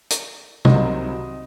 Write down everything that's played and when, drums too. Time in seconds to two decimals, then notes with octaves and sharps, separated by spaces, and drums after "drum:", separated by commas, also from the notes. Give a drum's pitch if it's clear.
0.10 drum: hi-hat
0.65 C2 C3 D#3 F#3 C4 D#5, drum: tom